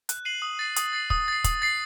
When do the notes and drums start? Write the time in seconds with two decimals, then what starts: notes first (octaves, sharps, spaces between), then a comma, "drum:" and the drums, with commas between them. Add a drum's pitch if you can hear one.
0.09 F#6, drum: hi-hat
0.25 C7 D#7 F#7
0.42 D#6
0.59 A6 C7
0.76 D#6, drum: hi-hat
0.93 A6 C7
1.10 D#6, drum: kick
1.28 A6 C7
1.44 D#6, drum: kick, hi-hat
1.62 A6 C7